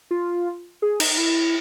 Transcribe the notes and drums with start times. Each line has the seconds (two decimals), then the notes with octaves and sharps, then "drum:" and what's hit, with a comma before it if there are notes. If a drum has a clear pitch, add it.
0.11 F4
0.82 G#4
1.00 D#4, drum: cymbal
1.18 E4